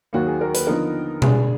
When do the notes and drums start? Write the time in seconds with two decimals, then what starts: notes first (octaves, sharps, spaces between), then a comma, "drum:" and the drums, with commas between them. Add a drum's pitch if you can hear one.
0.13 D#2 D#3 F#3 A#3 F#4
0.26 G#4
0.41 A#4
0.54 B4, drum: hi-hat
0.67 D3 F3 B3 D#4 A#4
1.22 D3 G#3 D4 G#4, drum: tom B2